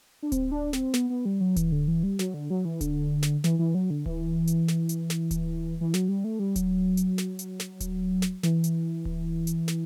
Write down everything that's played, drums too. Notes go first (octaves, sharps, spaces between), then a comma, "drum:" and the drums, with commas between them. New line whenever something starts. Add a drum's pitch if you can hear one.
D4
C4, drum: kick D1, hi-hat
D4
C4, drum: snare
B3, drum: snare
B3
G3
F#3
E3, drum: kick D1, hi-hat
D3
E3
G3
F#3, drum: snare
D3
F#3
E3
D3, drum: kick D1, hi-hat
drum: snare
E3, drum: snare
E3
F#3
D3
E3, drum: kick D1
drum: hi-hat
drum: snare
drum: hi-hat
drum: snare
drum: kick D1, hi-hat
E3
F#3, drum: snare
G3
A3
G3
F#3, drum: kick D1, hi-hat
drum: hi-hat
drum: snare
drum: hi-hat
drum: snare
drum: kick D1, hi-hat
drum: snare
E3, drum: snare
drum: hi-hat
drum: kick D1
drum: hi-hat
drum: snare